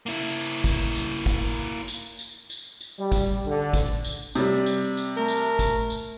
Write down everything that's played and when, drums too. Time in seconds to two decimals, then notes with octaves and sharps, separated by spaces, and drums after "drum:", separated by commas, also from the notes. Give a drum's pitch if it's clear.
0.06 A#3 E4
0.64 drum: kick, tambourine
0.95 drum: tambourine
1.26 drum: kick, tambourine
1.88 drum: tambourine
2.19 drum: tambourine
2.50 drum: tambourine
2.81 drum: tambourine
2.98 G3
3.12 drum: kick, tambourine
3.46 D3
3.74 drum: kick, tambourine
4.04 drum: tambourine
4.35 C3 G3, drum: tambourine
4.66 drum: tambourine
4.97 drum: tambourine
5.17 A3 A#4
5.28 drum: tambourine
5.59 drum: kick, tambourine
5.90 drum: tambourine